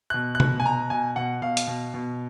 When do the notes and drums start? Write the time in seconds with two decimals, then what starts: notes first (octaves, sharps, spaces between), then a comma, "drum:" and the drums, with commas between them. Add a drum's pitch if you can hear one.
0.10 B2 F#6
0.35 F#6
0.40 B2, drum: tom
0.60 G#5
0.64 B2 A#5
0.90 B2 G#5
1.16 B2 F#5
1.42 B2 F5
1.57 drum: hi-hat
1.67 B2
1.94 B2